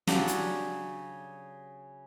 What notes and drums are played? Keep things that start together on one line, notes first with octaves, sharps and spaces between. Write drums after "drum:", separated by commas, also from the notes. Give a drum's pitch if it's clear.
C#3 F#3 D4 G4, drum: snare
drum: hi-hat